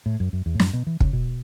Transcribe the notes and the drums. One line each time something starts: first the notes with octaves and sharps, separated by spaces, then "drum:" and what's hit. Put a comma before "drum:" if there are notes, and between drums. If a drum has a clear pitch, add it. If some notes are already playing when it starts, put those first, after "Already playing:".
A2
F#2
F#2
E2
A2
F#2, drum: snare
B2
E3
C#3, drum: kick
B2